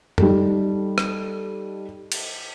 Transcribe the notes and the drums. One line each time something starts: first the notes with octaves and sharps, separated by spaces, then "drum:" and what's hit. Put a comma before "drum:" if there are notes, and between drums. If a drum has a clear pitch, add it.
G3 D#4 A4, drum: tom F#2
drum: rim click
drum: cymbal